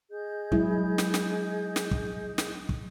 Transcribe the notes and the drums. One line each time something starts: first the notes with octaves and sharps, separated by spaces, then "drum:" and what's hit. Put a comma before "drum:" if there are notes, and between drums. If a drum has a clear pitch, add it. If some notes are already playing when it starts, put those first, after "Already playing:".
G#4 D#5 G6
F#3 G#3 E4, drum: kick
drum: snare
drum: snare
drum: snare
drum: kick
drum: snare
drum: kick